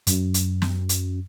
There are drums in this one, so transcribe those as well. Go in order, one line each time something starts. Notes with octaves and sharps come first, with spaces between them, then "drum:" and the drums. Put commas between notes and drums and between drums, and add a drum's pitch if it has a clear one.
F#2, drum: hi-hat
drum: hi-hat
drum: snare
drum: hi-hat